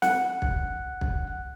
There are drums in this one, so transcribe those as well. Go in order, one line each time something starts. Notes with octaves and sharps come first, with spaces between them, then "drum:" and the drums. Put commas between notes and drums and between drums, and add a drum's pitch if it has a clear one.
F#5, drum: snare
drum: kick
drum: kick